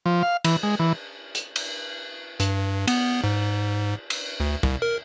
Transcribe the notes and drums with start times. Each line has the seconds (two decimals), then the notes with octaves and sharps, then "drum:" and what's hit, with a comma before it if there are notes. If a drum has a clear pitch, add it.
0.06 F3
0.23 F5
0.44 E3, drum: cymbal
0.63 G#3
0.79 E3
1.35 drum: hi-hat
1.56 drum: cymbal
2.40 G2, drum: hi-hat
2.87 B3, drum: cymbal
3.24 G#2
4.10 drum: cymbal
4.40 D2
4.63 C2, drum: kick
4.82 A#4